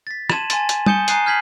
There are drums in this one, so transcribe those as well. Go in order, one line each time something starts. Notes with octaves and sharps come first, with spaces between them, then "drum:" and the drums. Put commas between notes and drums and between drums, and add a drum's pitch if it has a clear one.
A6 B6
A5 C6 G#6 D#7 E7 F#7, drum: rim click
G#5 C6 A6, drum: hi-hat
drum: hi-hat
G#5 D#6 G6 C#7 E7 G7, drum: tom G3
G#5 A#5 D#6 F#6 C7 D#7, drum: hi-hat
F6 G6 G#6 B6 C7 F#7